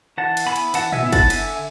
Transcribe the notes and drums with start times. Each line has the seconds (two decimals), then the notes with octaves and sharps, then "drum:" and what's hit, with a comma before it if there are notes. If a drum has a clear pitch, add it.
0.18 E3 F#5 A5
0.37 drum: cymbal
0.46 B3 E4 G#5 B5
0.56 drum: cymbal
0.74 E3 F#5 A5, drum: cymbal
0.92 E5 G#5, drum: tom A2
1.03 B3 E4
1.12 F#5 A5, drum: kick, cymbal
1.30 D3 E5 G#5, drum: cymbal